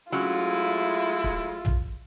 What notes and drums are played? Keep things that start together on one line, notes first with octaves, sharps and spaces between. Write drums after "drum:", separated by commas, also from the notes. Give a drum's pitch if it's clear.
F#3 G#3 A3 C#4 E4 F4
drum: kick
drum: tom